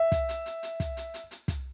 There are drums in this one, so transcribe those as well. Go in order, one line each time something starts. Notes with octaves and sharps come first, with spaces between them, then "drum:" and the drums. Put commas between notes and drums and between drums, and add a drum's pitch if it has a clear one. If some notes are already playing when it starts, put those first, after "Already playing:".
Already playing: E5
drum: kick, hi-hat
drum: hi-hat
drum: hi-hat
drum: hi-hat
drum: kick, hi-hat
drum: hi-hat
drum: hi-hat
drum: hi-hat
drum: kick, hi-hat